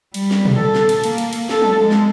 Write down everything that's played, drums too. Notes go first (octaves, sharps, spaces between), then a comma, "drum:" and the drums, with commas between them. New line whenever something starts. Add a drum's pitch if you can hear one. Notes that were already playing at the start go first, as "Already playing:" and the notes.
G3, drum: cymbal
drum: snare
drum: tom
A4, drum: tom
drum: snare
drum: cymbal
A#3, drum: cymbal
drum: cymbal
drum: cymbal
A4, drum: snare
drum: tom
G#3
drum: snare